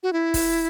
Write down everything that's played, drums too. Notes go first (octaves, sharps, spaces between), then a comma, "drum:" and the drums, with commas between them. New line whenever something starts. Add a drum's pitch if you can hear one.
F#4
E4
drum: kick, open hi-hat